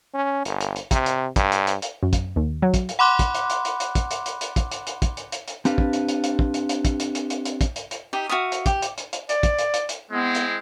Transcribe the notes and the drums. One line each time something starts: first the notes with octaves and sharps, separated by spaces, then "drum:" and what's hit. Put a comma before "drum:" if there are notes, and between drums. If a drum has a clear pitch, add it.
C#4
G1, drum: hi-hat
drum: hi-hat
drum: hi-hat
C3, drum: kick, hi-hat
drum: hi-hat
G2, drum: kick, hi-hat
drum: hi-hat
drum: hi-hat
drum: hi-hat
F#2
drum: kick, hi-hat
D#2
F#3
drum: kick, hi-hat
drum: hi-hat
F#5 B5 C6 D6 F#6
drum: kick, hi-hat
drum: hi-hat
drum: hi-hat
drum: hi-hat
drum: hi-hat
drum: kick, hi-hat
drum: hi-hat
drum: hi-hat
drum: hi-hat
drum: kick, hi-hat
drum: hi-hat
drum: hi-hat
drum: kick, hi-hat
drum: hi-hat
drum: hi-hat
drum: hi-hat
C4 D4 G4 B4 F5, drum: hi-hat
drum: kick
drum: hi-hat
drum: hi-hat
drum: hi-hat
drum: kick
drum: hi-hat
drum: hi-hat
drum: kick, hi-hat
drum: hi-hat
drum: hi-hat
drum: hi-hat
drum: hi-hat
drum: kick, hi-hat
drum: hi-hat
drum: hi-hat
D#4 G4 E5
F#4 E5 F5 D#6
drum: hi-hat
G4, drum: kick, hi-hat
drum: hi-hat
drum: hi-hat
drum: hi-hat
D5, drum: hi-hat
drum: kick, hi-hat
drum: hi-hat
drum: hi-hat
drum: hi-hat
G#3 B3 C4 E4
drum: hi-hat